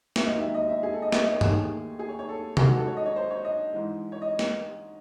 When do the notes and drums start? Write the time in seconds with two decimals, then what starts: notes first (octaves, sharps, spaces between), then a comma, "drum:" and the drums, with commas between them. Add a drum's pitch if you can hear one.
0.16 E5, drum: snare
0.26 E1 D#2 D#3 F#3 D#5
0.39 E5
0.54 D#5
0.69 E5
0.83 G#4
0.93 A4
1.02 D#5
1.12 E5, drum: snare
1.22 D#5
1.31 C#5
1.41 D#2 D#3 A3 G#4, drum: tom G2
1.99 G#4
2.09 C#5
2.19 C#5
2.29 A4
2.57 A1 G#2 D#3 F#3 G#4, drum: tom C3
2.68 F#4
2.77 A4
2.87 C#5
2.97 D#5
3.06 C#5
3.16 C5
3.31 C#5
3.45 D#5
3.73 G#2 E3 G#3
4.12 C#5
4.22 D#5
4.39 drum: snare